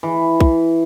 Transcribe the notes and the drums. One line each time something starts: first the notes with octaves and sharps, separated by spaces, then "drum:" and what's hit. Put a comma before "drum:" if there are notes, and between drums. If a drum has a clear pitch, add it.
E3
drum: kick